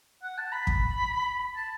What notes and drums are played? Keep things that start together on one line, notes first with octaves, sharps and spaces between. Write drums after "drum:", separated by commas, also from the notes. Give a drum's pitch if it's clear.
F#5
A5
B5
drum: kick
A5